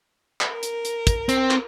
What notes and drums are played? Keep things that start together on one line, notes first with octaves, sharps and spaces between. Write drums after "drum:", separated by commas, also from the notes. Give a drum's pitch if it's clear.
drum: clap
A#4
drum: hi-hat
drum: hi-hat
drum: kick, hi-hat
C4, drum: hi-hat
drum: clap